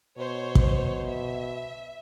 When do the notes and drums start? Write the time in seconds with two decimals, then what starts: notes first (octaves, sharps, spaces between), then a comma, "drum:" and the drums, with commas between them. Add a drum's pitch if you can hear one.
0.19 B2 C5 C#5
0.55 drum: kick
1.08 E5